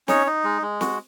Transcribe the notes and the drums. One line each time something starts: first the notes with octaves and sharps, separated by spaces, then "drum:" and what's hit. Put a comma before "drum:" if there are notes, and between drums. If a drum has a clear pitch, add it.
C#4 D#4 C#5, drum: snare
D#4
G#3
G#3
F#4, drum: snare